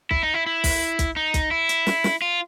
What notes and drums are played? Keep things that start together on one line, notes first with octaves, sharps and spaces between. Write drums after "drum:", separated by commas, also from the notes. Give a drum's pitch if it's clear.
E4, drum: kick
D#4
E4
E4
drum: kick, open hi-hat
drum: kick, hi-hat
D#4
drum: kick, hi-hat
E4
drum: hi-hat
drum: snare
drum: snare
F4